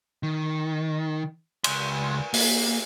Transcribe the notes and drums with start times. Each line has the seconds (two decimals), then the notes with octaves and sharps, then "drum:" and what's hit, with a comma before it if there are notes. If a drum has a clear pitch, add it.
0.23 D#3
1.64 C#2 C6, drum: cymbal
2.34 A#3, drum: open hi-hat